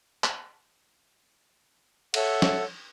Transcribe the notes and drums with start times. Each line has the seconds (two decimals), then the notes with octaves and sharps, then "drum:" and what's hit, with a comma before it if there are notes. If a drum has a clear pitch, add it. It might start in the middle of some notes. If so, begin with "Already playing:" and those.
0.24 drum: clap
2.14 A4 C#5 E5 F#5, drum: cymbal
2.42 drum: snare